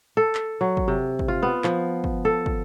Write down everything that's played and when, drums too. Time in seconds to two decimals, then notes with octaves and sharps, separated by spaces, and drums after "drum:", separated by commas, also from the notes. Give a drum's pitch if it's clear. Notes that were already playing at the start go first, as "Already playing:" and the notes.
0.17 A4
0.35 drum: clap
0.61 F#3
0.77 drum: kick
0.88 C3
1.19 drum: kick
1.28 F4
1.43 B3
1.64 F3, drum: clap
2.04 drum: kick
2.25 A4
2.46 drum: kick